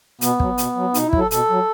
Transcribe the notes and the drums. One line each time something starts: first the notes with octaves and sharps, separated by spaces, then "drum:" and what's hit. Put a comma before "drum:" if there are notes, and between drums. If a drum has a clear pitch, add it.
B2 B3, drum: hi-hat
F#3, drum: kick
B2, drum: hi-hat
F#3
B2 D#4, drum: hi-hat
E4
F#3, drum: kick
A4
B2 A4, drum: hi-hat
F#3